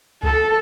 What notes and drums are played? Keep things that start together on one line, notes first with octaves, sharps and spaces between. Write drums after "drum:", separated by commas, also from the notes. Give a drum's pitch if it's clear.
A4, drum: kick C#2